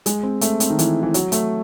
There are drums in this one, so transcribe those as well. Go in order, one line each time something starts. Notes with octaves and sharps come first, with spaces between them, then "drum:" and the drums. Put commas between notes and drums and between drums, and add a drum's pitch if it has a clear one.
G#3, drum: hi-hat
C4
A3, drum: hi-hat
C4, drum: hi-hat
D#3
E3, drum: hi-hat
E3
F#3, drum: hi-hat
A3, drum: hi-hat